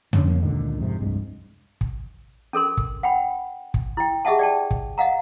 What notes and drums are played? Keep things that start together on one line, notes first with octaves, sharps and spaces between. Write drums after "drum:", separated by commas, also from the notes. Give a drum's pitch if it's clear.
D3 C#4, drum: tom
F2 A#3 C#4
C#2 A#2 D3 D#3
F2 G#2 C3
F1 C2 G2 G#3
drum: kick
C#4 A4 A#4 C6
drum: kick
F#5 G5 B5
drum: kick
E4 G5
G4 G#4 D#5 E5 F#5 A5
D5 G5 A5
drum: kick
D#5 F5 F#5 A#5